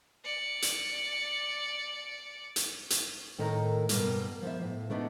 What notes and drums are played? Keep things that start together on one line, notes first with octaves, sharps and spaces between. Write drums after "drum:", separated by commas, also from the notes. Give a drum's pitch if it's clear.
D5 C#7
drum: hi-hat
drum: hi-hat
drum: hi-hat
A2 D#3 A4 A#4 D#5 A#5
G2 B2 D3 G3 A3 A#3, drum: hi-hat
F3 B3 E5
A2
A3 B3 D4 D#4